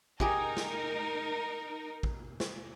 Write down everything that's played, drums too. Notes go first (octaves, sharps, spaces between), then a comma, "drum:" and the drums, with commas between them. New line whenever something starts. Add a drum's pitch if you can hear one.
D#4 G4 G#4 A#4, drum: kick
drum: snare
drum: kick
drum: snare